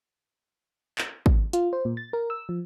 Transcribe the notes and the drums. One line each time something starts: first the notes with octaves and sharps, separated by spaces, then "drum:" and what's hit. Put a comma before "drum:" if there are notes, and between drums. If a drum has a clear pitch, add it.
drum: clap
drum: kick
F4, drum: hi-hat
C5
A#2
A6
A#4
E6
F3